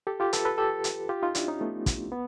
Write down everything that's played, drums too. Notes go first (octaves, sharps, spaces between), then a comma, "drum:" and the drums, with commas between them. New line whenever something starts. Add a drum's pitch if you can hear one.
G4 A4
F4 G4
A4 B4, drum: hi-hat
A4 B4
G4 A4
drum: hi-hat
F4 G4
D#4 F4
D4 E4, drum: hi-hat
C#4 D#4
A3 B3
drum: kick, hi-hat
B3